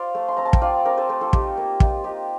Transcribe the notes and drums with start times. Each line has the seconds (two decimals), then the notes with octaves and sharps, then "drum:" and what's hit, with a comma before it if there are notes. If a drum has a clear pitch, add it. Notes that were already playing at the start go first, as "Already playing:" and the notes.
Already playing: F4 C5 D5 F5
0.15 A3
0.28 C6
0.37 C4 A#5
0.45 A5
0.53 G5, drum: kick
0.61 F4 D5 F5
0.85 C4 A#4 D5
0.97 A4 C5
1.09 A3 A4 C5
1.21 F4 A4
1.33 D#4 G4, drum: kick
1.57 A#3
1.80 D#4 F4, drum: kick
2.04 D#4 G4